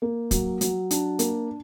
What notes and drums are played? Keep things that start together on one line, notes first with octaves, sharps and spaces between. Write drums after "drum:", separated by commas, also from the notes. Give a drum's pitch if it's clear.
A#3
F#3, drum: kick, hi-hat
F#3, drum: hi-hat
D4, drum: hi-hat
A#3, drum: hi-hat